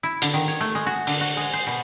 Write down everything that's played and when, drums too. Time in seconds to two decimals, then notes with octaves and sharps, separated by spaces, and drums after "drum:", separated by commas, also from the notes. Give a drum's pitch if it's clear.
0.03 E4
0.22 D3, drum: hi-hat
0.34 D#3
0.48 C#5
0.61 A3
0.75 G#3
0.86 F#4
1.07 D3, drum: open hi-hat
1.21 F#4
1.37 G#3
1.53 C5
1.67 B2